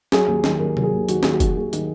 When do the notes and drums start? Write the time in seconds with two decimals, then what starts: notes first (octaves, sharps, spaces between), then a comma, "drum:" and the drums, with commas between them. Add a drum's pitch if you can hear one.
0.12 F#3 G#4, drum: snare
0.27 D#2
0.44 D#3, drum: snare
0.59 D#2 A#4
0.77 F#3, drum: tom C3
0.84 G#4
0.93 D#2
1.09 D#3 F#4, drum: hi-hat
1.23 D#2 G#4, drum: snare
1.33 F#4
1.40 F#3, drum: kick, hi-hat
1.56 D#2 G#4
1.73 D#3, drum: hi-hat